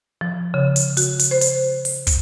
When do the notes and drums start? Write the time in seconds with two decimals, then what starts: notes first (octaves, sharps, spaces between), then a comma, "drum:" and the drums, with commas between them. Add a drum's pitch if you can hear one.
0.21 F3
0.54 C#3
0.76 drum: hi-hat
0.97 F#4, drum: hi-hat
1.19 drum: hi-hat
1.31 C5
1.41 drum: hi-hat
1.85 drum: open hi-hat
2.07 drum: kick, hi-hat